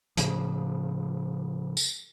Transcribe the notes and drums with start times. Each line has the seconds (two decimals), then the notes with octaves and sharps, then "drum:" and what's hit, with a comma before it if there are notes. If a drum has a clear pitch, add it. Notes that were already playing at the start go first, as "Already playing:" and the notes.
0.17 A2 C#3 F3, drum: hi-hat
1.77 drum: tambourine